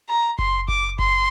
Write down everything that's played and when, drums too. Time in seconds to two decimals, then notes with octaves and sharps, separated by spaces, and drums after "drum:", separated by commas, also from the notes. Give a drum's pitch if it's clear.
0.09 A#5
0.39 C6, drum: kick F#1
0.68 D6, drum: kick F#1
0.99 C6, drum: kick F#1